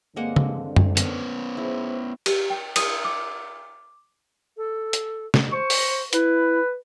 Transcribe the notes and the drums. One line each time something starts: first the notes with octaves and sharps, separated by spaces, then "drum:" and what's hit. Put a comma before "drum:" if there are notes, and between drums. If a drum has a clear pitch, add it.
G2 D3 G#3 A#3 C4 F#5
drum: tom
drum: tom F#2
B3 C#4, drum: hi-hat
E4 G#4 C5
G4, drum: cymbal
G5
D#6, drum: cymbal
D6
A4
drum: hi-hat
drum: snare
C5 C#6
drum: open hi-hat
E4 B4, drum: hi-hat